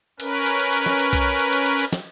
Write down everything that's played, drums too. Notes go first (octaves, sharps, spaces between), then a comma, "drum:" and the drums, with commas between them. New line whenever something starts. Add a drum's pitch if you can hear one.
C#4 A#4 B4, drum: cymbal
drum: cymbal
drum: cymbal
drum: cymbal
drum: snare
drum: cymbal
drum: kick B1, cymbal
drum: cymbal
drum: cymbal
drum: cymbal
drum: cymbal
drum: snare